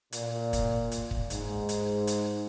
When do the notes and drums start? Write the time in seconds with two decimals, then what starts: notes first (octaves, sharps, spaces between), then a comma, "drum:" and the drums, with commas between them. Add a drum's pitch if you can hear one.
0.12 A#2, drum: hi-hat
0.53 drum: kick, hi-hat
0.92 drum: hi-hat
1.11 drum: kick
1.30 G#2, drum: hi-hat
1.69 drum: hi-hat
2.07 drum: hi-hat